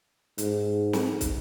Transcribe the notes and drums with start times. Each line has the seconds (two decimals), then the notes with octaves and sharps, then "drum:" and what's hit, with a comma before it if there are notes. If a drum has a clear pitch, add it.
0.38 G#2, drum: hi-hat
0.93 drum: snare
1.21 drum: kick, hi-hat